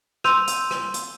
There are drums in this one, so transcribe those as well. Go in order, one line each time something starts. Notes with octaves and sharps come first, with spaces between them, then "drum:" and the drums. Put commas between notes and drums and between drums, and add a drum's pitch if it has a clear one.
C6 E6 G6 D#7 F7, drum: rim click
drum: hi-hat
drum: rim click
drum: hi-hat